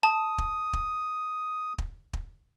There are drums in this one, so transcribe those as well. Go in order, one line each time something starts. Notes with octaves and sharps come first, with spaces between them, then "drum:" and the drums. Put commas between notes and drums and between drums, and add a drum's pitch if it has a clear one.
A5 D#6
drum: kick
drum: kick
drum: kick
drum: kick